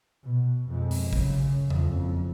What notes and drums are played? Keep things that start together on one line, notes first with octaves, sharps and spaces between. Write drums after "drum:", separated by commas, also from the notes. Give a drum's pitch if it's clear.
B2
F2 G#3
drum: open hi-hat
F#2 C#3, drum: kick
F#1 F2, drum: tom E2